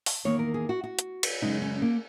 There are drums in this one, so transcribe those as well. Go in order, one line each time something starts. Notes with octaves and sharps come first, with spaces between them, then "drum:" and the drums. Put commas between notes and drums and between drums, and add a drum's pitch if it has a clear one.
drum: open hi-hat
E2 D#3 A#3 C#5
A#4
G#4
F#4
F#4
drum: hi-hat
drum: cymbal
F#2 C#3 G#3 D#4
C#4
A#3